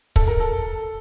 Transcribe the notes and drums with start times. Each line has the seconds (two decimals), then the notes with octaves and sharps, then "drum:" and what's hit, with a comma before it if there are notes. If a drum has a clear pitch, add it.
0.16 A4, drum: kick
0.28 A#4
0.40 A4